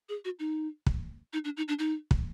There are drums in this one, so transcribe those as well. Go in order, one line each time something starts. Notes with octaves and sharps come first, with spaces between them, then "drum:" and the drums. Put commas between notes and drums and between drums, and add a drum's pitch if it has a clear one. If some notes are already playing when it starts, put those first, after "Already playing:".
G#4
F#4
D#4
drum: kick
D#4
D4
D#4
D4
D#4
drum: kick